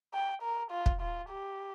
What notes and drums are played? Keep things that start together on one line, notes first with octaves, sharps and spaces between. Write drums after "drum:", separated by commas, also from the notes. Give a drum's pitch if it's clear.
G5
A#4
F4
drum: kick
F4
G4